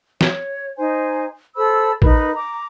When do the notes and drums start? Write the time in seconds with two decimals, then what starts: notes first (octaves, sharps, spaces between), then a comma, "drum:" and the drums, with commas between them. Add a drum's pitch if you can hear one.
0.21 C#5, drum: snare
0.78 D#4 C5 G#5
1.56 A4 C5 B5 E6
2.02 D#4 A#4 B4 B5, drum: kick A1
2.34 A#5 D6